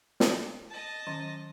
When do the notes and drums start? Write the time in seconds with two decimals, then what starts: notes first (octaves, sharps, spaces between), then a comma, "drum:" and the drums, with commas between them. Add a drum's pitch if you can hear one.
0.20 drum: snare
0.70 D#5 A5
1.07 D#3 F#3 C#4